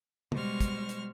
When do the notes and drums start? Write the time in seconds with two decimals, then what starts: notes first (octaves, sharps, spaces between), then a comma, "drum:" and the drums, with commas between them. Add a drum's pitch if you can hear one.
0.32 B2 G3 G#3 C5 C#6 F6, drum: tom
0.60 drum: kick, hi-hat
0.89 drum: hi-hat